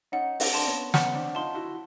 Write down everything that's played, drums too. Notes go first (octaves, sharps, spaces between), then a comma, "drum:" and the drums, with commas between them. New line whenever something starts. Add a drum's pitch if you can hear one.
C#4 D#4 F#5
C4 D4, drum: open hi-hat
D4 A5 C6
B3 C#4
B3 C#4 F#5, drum: snare
C4 D4
D#4 F4 A5 C6
E4 F#4